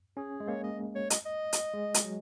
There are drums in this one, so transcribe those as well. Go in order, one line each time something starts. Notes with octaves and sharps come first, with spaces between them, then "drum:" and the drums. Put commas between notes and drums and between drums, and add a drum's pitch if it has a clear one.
C#4 G#4
G#3
A#3 C#5
D#5
C#5
D#5, drum: hi-hat
D#5
drum: hi-hat
G#3
drum: hi-hat
F#3